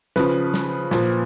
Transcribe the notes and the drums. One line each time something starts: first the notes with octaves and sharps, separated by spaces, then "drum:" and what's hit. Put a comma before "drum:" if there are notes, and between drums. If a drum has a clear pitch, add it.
C#3 F3 B4, drum: snare
drum: snare
A#2 F3, drum: snare